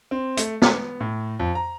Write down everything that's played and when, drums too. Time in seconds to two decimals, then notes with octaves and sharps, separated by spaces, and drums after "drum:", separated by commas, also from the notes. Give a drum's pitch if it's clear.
0.11 C4
0.37 A3, drum: hi-hat
0.62 A3, drum: snare
0.73 B3
1.00 A2
1.39 F2
1.55 A#5